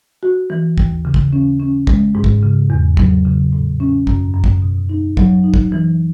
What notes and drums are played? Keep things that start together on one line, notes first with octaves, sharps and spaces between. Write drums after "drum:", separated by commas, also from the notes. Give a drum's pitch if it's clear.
F#4
E3
D#2, drum: kick
C#3
drum: kick
C#4
C#4
G#3, drum: kick
G#2
drum: kick
C#3
E2
F#3, drum: kick
C#3
A2
C#4
F#2, drum: kick
F#2
drum: kick
B2
D#4
F#3, drum: kick
D#4
drum: kick
E3